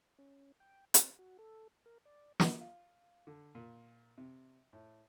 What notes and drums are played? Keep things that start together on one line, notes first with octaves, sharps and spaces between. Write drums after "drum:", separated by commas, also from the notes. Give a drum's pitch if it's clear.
C#4
G5
C4, drum: hi-hat
F#4
A4
A#4
D5
drum: snare
F4
D3
A#2
C3
A2